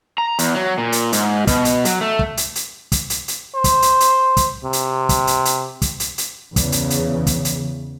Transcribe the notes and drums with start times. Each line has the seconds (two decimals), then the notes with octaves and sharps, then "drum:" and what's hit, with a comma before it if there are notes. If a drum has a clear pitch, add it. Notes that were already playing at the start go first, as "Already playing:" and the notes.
0.18 A#5
0.39 E2, drum: hi-hat
0.54 F#3
0.78 A#2
0.92 drum: hi-hat
1.13 G#2, drum: hi-hat
1.47 B2, drum: kick, hi-hat
1.65 drum: hi-hat
1.85 F#3, drum: hi-hat
2.01 A3
2.19 drum: kick
2.37 drum: hi-hat
2.55 drum: hi-hat
2.92 drum: kick, hi-hat
3.10 drum: hi-hat
3.28 drum: hi-hat
3.55 C5
3.64 drum: kick, hi-hat
3.82 drum: hi-hat
4.00 drum: hi-hat
4.37 drum: kick, hi-hat
4.64 C3
4.73 drum: hi-hat
5.09 drum: kick, hi-hat
5.27 drum: hi-hat
5.45 drum: hi-hat
5.82 drum: kick, hi-hat
6.00 drum: hi-hat
6.18 drum: hi-hat
6.56 E2 C#3, drum: kick, hi-hat
6.72 drum: hi-hat
6.90 drum: hi-hat
7.27 drum: kick, hi-hat
7.45 drum: hi-hat